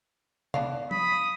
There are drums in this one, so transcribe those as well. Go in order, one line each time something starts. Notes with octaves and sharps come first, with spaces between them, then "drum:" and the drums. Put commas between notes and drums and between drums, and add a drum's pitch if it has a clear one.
B3 D4 F5, drum: tom C3
B5 D#6, drum: tom F3